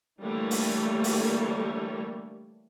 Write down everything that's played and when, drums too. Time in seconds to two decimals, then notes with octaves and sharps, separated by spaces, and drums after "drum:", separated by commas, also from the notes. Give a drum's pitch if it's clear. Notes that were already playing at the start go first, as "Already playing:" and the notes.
0.22 D3 E3 G3 A3 A#3 C#5
0.51 drum: open hi-hat
1.04 drum: open hi-hat